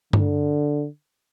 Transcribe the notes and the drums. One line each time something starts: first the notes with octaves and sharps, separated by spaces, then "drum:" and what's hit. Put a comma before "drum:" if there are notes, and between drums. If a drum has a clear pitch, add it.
D3, drum: tom G2